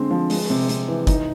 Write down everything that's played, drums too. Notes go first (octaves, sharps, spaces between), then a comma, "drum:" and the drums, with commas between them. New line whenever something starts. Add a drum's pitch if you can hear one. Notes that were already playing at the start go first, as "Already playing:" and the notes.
Already playing: D3 G#3 C4
F3
G#3, drum: open hi-hat
C3
C3, drum: hi-hat
E3
D#4, drum: kick, hi-hat